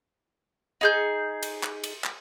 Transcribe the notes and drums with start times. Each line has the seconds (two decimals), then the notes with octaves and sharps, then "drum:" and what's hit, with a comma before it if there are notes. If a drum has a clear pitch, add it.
0.81 D#4 G#4 G6
1.43 drum: cymbal
1.63 drum: clap
1.84 drum: cymbal
2.04 drum: clap